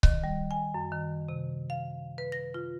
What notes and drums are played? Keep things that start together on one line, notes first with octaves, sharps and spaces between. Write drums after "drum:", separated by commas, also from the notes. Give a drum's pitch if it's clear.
D#3, drum: kick C#1
G3
G#5
F#2
D#3
C3
F5
B4
A#6
F4